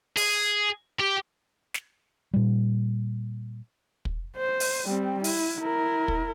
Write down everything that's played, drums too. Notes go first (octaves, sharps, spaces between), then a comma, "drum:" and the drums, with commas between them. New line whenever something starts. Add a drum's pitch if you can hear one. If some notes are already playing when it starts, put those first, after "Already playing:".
G#4, drum: open hi-hat
G4
drum: snare
A#2 G3
drum: kick
C5
drum: open hi-hat
G3 C4
E4, drum: open hi-hat
E4 A#4
drum: kick